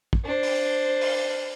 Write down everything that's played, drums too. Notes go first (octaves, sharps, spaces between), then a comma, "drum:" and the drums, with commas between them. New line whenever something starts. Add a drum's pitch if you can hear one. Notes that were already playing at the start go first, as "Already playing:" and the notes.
drum: kick
D4 C5
drum: open hi-hat
drum: open hi-hat